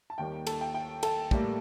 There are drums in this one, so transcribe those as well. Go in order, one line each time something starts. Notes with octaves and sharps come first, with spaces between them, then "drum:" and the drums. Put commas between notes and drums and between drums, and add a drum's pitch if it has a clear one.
A5
D#2 D#3 G3 A#3 G5
A4 A5, drum: cymbal
G5
G5
A4 A5, drum: cymbal
A2 G3 A#3, drum: kick